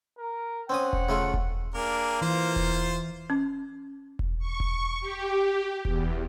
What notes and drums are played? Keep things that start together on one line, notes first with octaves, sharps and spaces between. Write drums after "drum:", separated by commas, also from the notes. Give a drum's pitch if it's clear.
A#4
C4 C#4 F#5 D#6
drum: kick E1
C#3 A3 F4
drum: kick E1
A#3 D4 G#4 A#4
E3 F4 C5
drum: kick E1
C#4
drum: kick E1
C#6
drum: kick E1
G4
E2, drum: kick E1